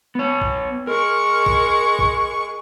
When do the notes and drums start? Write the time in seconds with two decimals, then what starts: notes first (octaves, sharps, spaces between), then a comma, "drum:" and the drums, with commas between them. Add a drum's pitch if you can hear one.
0.15 B3 C#5
0.41 drum: kick G#1
0.87 G#3 A#4 C#6
1.46 drum: kick G#1
1.99 drum: kick G#1